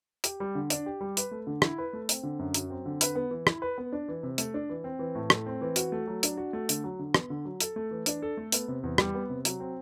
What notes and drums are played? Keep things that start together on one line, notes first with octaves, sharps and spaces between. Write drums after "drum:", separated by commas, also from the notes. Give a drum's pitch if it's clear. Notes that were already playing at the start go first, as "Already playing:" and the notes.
G4, drum: hi-hat
G3
D3
D4, drum: hi-hat
G4
G3
B4, drum: hi-hat
A3
D3
E4, drum: rim click
B4
A3
C4, drum: hi-hat
D3
F#2
F#3, drum: hi-hat
C4
D3
B4, drum: hi-hat
B3
E3
E4, drum: rim click
B4
B3
D4
E3
C3
A3, drum: hi-hat
D4
E3
C4
E3
A2
A3, drum: rim click
C4
E3
F#4, drum: hi-hat
A3
F#3
D4, drum: hi-hat
F#4
A3
D3, drum: hi-hat
F#3
D3
B3, drum: rim click
D3
F#3
A4, drum: hi-hat
A3
E3
D4, drum: hi-hat
A4
A3
B3, drum: hi-hat
C3
E2
G3, drum: rim click
B3
C3
F#3, drum: hi-hat
C4